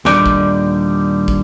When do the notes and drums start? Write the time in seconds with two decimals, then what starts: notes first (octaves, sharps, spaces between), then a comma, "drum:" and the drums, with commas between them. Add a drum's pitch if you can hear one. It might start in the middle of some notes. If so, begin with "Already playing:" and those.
0.05 D#2 A#2 D3 G3 D#4 D5, drum: snare
0.26 drum: kick
1.28 drum: kick